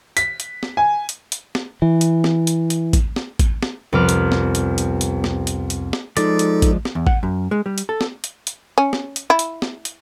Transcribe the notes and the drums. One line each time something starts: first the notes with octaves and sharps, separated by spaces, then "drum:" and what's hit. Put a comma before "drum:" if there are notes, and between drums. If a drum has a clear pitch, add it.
B6, drum: hi-hat
drum: hi-hat
drum: snare
G#5
drum: hi-hat
drum: hi-hat
drum: snare
E3
drum: hi-hat
drum: snare
drum: hi-hat
drum: hi-hat
drum: kick A1, hi-hat
drum: snare
drum: kick A1, hi-hat
drum: snare
C2 F2 B3 B4 D6 F6
drum: hi-hat
drum: snare
drum: hi-hat
drum: hi-hat
drum: hi-hat
drum: snare
drum: hi-hat
drum: hi-hat
drum: snare
F3 G#3 D#4 A4 D5, drum: hi-hat
drum: hi-hat
drum: kick A1, hi-hat
drum: snare
E2
F#5, drum: kick A1
F#2
G#3
G3
drum: hi-hat
A4
drum: snare
drum: hi-hat
drum: hi-hat
C#4
drum: snare
drum: hi-hat
E4
drum: hi-hat
drum: snare
drum: hi-hat